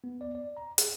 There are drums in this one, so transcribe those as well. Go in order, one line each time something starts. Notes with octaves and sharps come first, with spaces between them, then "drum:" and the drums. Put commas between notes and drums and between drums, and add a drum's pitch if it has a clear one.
B3
D5
D5
A#5
G#4, drum: hi-hat